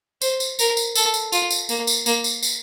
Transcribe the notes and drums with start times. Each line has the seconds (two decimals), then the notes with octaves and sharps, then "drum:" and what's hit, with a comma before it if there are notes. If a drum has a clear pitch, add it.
0.22 C5, drum: tambourine
0.40 drum: tambourine
0.59 A#4, drum: tambourine
0.77 drum: tambourine
0.95 A4, drum: tambourine
1.14 drum: tambourine
1.32 F4, drum: tambourine
1.51 drum: tambourine
1.69 A#3, drum: tambourine
1.87 drum: tambourine
2.06 A#3, drum: tambourine
2.24 drum: tambourine
2.43 drum: tambourine